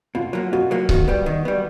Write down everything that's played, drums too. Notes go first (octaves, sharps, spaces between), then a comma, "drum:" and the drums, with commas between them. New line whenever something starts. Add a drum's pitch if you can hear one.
B2 F4
F#3 A#3
B2 F#4
F#3 A#3
D#3 F#4, drum: kick C#1
G3 B3
D#3
G3 B3